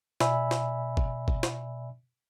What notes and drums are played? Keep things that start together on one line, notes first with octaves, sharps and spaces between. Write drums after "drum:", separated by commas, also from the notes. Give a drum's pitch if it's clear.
B2 D5 E5 G#5 B5 E6, drum: snare
drum: snare
drum: kick G1
drum: kick G1
drum: snare